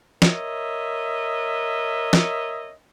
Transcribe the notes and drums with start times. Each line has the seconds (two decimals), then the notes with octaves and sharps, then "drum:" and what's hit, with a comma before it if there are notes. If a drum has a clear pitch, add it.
0.22 A#4 C#5 D#5 E5, drum: snare
2.13 drum: snare